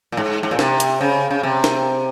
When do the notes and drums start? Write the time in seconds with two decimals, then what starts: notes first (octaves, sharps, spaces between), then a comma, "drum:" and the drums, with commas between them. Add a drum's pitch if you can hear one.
0.12 A#2
0.17 G#2
0.43 G#2
0.51 A#2
0.59 C3, drum: snare
0.80 drum: hi-hat
1.01 C#3
1.31 C#3
1.43 C3
1.64 drum: snare